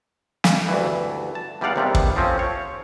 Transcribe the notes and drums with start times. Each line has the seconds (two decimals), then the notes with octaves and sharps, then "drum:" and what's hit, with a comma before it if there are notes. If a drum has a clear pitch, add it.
0.44 drum: snare
0.68 D2 G2 E3
1.35 A5
1.61 E2 G3 D#4 D5 F5 F#5
1.76 D#2 G#2 C3 G3 G#3 B3
1.95 drum: kick
2.16 F3 A3 C4 C#4
2.39 C#5